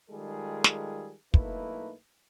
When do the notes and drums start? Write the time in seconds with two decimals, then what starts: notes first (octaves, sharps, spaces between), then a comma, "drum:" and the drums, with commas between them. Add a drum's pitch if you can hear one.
0.11 D#3 G3 G#3 F4 G#4 A4
0.64 drum: snare
1.34 B1 A3 A#3 D#4 E4 B4, drum: kick